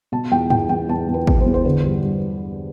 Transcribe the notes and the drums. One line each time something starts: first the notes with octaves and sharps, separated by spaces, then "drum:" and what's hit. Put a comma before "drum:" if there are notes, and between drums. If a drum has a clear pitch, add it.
B2 A5
E2 G5
E2 G5, drum: tom G2
E2 G5
E2 A5
E2
B4
B2, drum: kick
C5
E2
C5
D3 B4
G2
G2